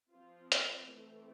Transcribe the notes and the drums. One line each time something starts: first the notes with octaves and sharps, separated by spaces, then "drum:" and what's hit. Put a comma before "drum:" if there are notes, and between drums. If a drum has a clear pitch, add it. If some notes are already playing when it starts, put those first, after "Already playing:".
F3 C4 F4
drum: hi-hat
E3 A3 C4